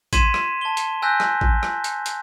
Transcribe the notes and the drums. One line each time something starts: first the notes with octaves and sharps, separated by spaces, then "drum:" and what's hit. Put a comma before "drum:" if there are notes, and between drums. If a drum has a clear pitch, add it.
C6 G#6 B6 D#7 E7, drum: kick A1, hi-hat
drum: rim click
A5 G7
drum: hi-hat
G#5 E6 F#6 G6 A#6 B6
drum: rim click
drum: kick A1
drum: rim click
drum: hi-hat
drum: hi-hat